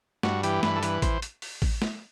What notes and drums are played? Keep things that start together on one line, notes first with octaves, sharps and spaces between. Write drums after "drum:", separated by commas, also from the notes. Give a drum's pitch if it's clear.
G2 F#4, drum: snare A3
E3 G4, drum: hi-hat
G2 B4, drum: snare A3
A4
E3 B4, drum: hi-hat
C5, drum: kick A1, hi-hat
drum: hi-hat
drum: open hi-hat
drum: kick A1, open hi-hat
drum: snare A3